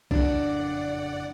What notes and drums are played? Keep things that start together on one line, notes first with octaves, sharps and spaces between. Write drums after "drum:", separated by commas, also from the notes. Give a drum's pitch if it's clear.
F#1 F2 A2 D4 D5 F#5, drum: kick